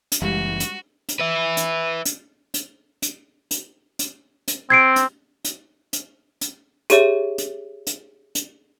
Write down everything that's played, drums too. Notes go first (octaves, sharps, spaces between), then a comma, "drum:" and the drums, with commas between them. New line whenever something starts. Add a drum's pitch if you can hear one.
drum: hi-hat
F#1 E3 G3 G#3 F#4 G4
drum: hi-hat
drum: hi-hat
B4 E5
drum: hi-hat
drum: hi-hat
drum: hi-hat
drum: hi-hat
drum: hi-hat
drum: hi-hat
drum: hi-hat
C4 G#6 C7 D7
drum: hi-hat
drum: hi-hat
drum: hi-hat
drum: hi-hat
G4 G#4 C#5 E5, drum: hi-hat
drum: hi-hat
drum: hi-hat
drum: hi-hat